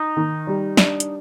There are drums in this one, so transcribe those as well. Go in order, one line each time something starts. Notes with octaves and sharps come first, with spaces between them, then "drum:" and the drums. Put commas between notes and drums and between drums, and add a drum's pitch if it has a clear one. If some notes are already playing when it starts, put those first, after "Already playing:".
Already playing: D#4
D#3
G3
D4, drum: snare
drum: hi-hat